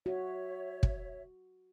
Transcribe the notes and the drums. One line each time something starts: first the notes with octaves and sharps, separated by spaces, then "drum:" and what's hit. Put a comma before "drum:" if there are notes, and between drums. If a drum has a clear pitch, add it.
F#4 C#5 E5
drum: kick